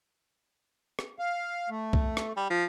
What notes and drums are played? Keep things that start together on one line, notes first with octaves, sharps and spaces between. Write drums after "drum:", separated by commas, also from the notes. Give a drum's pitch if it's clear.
drum: rim click
F5
A3
drum: kick B1
drum: rim click
G3
F3